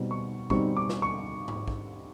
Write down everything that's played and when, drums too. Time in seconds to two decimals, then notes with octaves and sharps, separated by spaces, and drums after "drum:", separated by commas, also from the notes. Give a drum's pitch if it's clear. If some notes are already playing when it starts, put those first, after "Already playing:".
Already playing: B2 G3 C4 D#4
0.11 C#6
0.50 B2 G3 C4 D#4 C#6, drum: kick
0.77 D6
0.89 drum: snare
1.02 C#6
1.48 drum: tom G#2
1.68 drum: kick